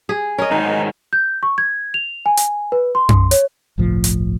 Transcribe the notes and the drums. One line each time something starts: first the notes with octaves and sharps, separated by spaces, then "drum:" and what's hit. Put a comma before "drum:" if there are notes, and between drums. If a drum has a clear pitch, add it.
G#4
A#4 C#5 D#5
G#2 D#3 F#3 D#4
G6
C#6
G#6
F7
G#5
drum: hi-hat
B4
C6
drum: tom F#2
C#5, drum: hi-hat
G1 C2 A2 F3
drum: hi-hat